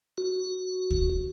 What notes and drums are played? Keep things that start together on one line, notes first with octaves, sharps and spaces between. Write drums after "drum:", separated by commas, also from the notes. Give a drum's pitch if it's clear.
F#4
drum: kick D2